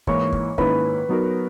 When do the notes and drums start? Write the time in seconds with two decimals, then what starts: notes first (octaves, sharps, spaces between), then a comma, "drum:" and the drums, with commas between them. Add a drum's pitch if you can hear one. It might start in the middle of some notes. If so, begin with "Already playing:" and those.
0.07 G#2 E3 A#3 E4 C#5 C#6, drum: kick
0.33 drum: kick
0.58 G#2 D#3 A#3 C#4 E4 B4 B5, drum: kick
1.09 F#3 B3 D#4 F#4 A#4